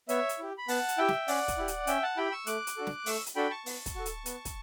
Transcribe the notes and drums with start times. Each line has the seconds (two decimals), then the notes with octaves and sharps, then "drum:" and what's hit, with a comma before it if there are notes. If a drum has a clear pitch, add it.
0.09 B3 C#5 E5, drum: hi-hat
0.29 drum: hi-hat
0.39 E4 G4
0.58 B5
0.68 B3 F#5 A5, drum: open hi-hat
0.89 drum: hi-hat
0.98 E4 G4 E5 G5
1.08 drum: snare
1.28 C#4 D5 F#5, drum: open hi-hat
1.48 drum: kick, hi-hat
1.58 E4 G4
1.68 drum: hi-hat
1.87 C#4 E5 G5, drum: hi-hat
2.03 F#5 A5
2.17 E4 G4 G5 B5
2.32 C#6 E6
2.47 A3 D6 F#6, drum: hi-hat
2.67 drum: hi-hat
2.77 D4 F#4 A4
2.87 drum: snare
3.06 A3 C#6 E6, drum: open hi-hat
3.26 drum: hi-hat
3.36 D4 F#4 A4 G5 B5
3.50 A5 C#6
3.66 B3, drum: open hi-hat
3.86 drum: kick, hi-hat
3.95 F#4 A4
4.06 drum: hi-hat
4.26 B3, drum: hi-hat
4.45 drum: kick, hi-hat